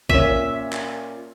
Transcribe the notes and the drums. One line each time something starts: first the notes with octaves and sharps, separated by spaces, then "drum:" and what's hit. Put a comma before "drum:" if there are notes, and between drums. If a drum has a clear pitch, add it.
A#2 C#4 E5, drum: kick B1
drum: clap